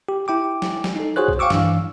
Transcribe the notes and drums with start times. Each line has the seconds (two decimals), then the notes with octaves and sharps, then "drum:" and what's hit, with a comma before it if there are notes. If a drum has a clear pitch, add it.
0.09 G4
0.28 E4 G5 D6
0.62 drum: snare
0.84 drum: snare
0.96 D#4 A4
1.16 F#4 G#4 C5 C#5 F#6
1.28 drum: kick
1.39 F5 G5 C#6 D6 E6
1.50 G2 E3 D4 F5 E6, drum: snare